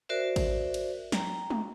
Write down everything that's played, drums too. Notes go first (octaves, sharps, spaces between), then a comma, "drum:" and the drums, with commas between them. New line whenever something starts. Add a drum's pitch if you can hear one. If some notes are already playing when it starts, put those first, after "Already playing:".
F#4 A#4 C5 D5 E5
drum: kick A1, cymbal
drum: cymbal
G5 A#5, drum: snare
drum: tom